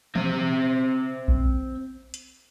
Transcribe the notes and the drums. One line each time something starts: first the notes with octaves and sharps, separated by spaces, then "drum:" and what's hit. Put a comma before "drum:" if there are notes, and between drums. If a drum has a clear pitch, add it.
C4 E5, drum: tom E3
drum: kick A#1
drum: hi-hat